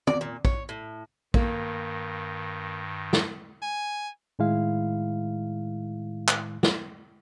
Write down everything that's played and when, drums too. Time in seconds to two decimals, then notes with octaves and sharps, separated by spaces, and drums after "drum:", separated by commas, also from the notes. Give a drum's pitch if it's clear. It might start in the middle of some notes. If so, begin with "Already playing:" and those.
0.07 D5, drum: tom
0.21 A#2
0.45 C#5, drum: kick
0.69 A2
1.34 G2 D#3 A#3, drum: kick
3.13 drum: snare
3.63 G#5
4.39 A2 D#3 G#3 E4 F5
6.28 drum: clap
6.63 drum: snare